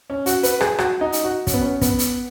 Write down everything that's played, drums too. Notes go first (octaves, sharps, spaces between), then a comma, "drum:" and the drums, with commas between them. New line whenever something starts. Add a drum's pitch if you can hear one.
C#4
F#4, drum: hi-hat
B4, drum: hi-hat
G#4, drum: rim click
F#4, drum: rim click
D#4
drum: hi-hat
F#4
C#4, drum: kick, hi-hat
B3
C#4
B3, drum: kick, hi-hat
drum: hi-hat